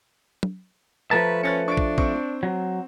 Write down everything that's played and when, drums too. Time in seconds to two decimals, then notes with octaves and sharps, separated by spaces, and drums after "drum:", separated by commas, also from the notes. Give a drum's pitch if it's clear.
0.43 drum: tom
1.11 F3 A3 B4 A5 A#5
1.43 C#4 B4 A6 C#7
1.68 D4 C#6 A6 D7
1.77 drum: kick
1.98 C4 C5 C#6, drum: kick
2.43 F#3